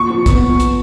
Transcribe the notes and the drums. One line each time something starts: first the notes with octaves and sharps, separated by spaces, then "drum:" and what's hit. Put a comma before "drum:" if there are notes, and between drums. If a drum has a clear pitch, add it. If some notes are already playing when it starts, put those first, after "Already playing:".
Already playing: A#2 C#6
F3
B3, drum: kick, hi-hat
drum: hi-hat